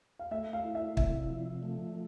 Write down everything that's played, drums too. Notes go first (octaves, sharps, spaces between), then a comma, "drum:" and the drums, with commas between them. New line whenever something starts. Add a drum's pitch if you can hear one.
F5
A3 E5
F5
E4
E5
C3 E5, drum: kick
F3
A3